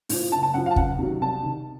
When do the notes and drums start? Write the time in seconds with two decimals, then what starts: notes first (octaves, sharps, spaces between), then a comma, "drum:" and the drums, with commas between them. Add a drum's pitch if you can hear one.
0.09 A2 F3, drum: open hi-hat
0.32 F#1 A5
0.43 A5
0.54 F#2 F3 F#5
0.66 F5
0.71 A5
0.76 C#2 F#5, drum: kick
0.98 C3 D#3 F#3
1.21 C2 A5
1.43 C3 D#3